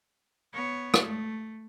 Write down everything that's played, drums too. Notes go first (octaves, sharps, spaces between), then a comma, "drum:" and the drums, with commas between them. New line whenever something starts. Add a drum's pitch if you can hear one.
B3 C#5
drum: rim click
A3